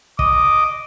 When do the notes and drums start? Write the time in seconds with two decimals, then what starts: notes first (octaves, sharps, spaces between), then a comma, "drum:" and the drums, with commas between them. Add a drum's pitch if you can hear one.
0.19 D#5 D6, drum: kick